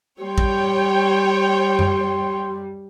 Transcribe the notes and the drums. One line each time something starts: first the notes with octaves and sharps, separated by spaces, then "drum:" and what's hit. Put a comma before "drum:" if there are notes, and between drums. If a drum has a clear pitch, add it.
G3 C#5 G5 C6
drum: kick A1
drum: tom F#2